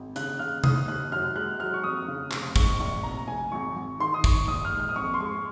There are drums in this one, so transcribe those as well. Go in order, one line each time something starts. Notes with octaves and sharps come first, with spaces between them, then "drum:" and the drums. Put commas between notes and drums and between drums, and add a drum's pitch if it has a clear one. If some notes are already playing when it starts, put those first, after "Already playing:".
Already playing: G#1
C#3 F#6, drum: hi-hat
C#3 F6
D#3 D#6, drum: tom C3
D#2 F#6
F#2 F6
G#3 F#6
F#3 F6
C#6
F2 D#6
C#3
F1, drum: clap
G#2 C#6, drum: kick
A#1 C#6
F1 A#5
F1 G#5
G#1 C#6
G#1
D#3 C6
D#6
D#3 C#6, drum: kick
A#1 D#6
F6
G#2
F6
D#6
F2 C#6
C6
G#3 C#6